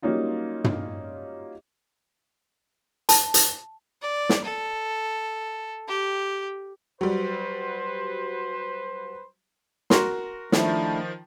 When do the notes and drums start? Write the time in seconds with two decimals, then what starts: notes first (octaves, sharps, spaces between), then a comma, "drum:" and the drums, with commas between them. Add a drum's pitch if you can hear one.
0.02 F#3 G3 A#3 C#4 D#4 F4
0.64 drum: tom
3.09 A5, drum: hi-hat
3.34 drum: hi-hat
4.02 D5
4.29 drum: snare
4.44 A4
5.88 G4
7.01 F#3 G3 B4 C5
9.90 F#4 A#4 C6, drum: snare
10.52 D#3 F3 A3 D4 E4, drum: snare